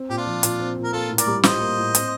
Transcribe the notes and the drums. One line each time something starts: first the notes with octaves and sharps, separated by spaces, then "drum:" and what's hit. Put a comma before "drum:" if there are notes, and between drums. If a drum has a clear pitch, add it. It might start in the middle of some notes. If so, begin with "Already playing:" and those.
Already playing: C4
A#2 G4
D4 F4
F3
A#2, drum: hi-hat
C4
A#2
A#4
A#3 F4 A4
A2
A#4 D5, drum: hi-hat
G3
F4 C5 D#5, drum: snare
A#3
A2
C4, drum: hi-hat